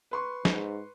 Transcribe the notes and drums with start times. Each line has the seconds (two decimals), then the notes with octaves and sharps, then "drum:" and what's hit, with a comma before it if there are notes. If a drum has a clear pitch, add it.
0.11 B4 C6 C#6
0.45 G#2, drum: snare